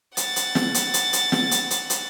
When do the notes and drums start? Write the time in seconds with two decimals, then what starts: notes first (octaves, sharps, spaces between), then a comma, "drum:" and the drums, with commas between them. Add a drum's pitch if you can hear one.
0.17 F#5 A6, drum: hi-hat
0.36 drum: hi-hat
0.55 drum: snare
0.74 drum: hi-hat
0.94 drum: hi-hat
1.13 drum: hi-hat
1.32 drum: snare
1.51 drum: hi-hat
1.71 drum: hi-hat
1.90 drum: hi-hat